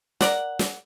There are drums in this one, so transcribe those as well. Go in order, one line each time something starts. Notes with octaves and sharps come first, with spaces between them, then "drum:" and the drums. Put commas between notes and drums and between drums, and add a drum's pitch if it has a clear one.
A#4 D5 F#5, drum: snare
drum: snare